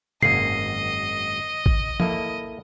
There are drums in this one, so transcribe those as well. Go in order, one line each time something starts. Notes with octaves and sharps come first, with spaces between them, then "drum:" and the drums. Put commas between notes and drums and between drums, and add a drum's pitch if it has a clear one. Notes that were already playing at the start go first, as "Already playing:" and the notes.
G#1 F#2 A#3 D#5 C7, drum: tom C3
drum: kick A1
A#3 E4 A4, drum: tom F3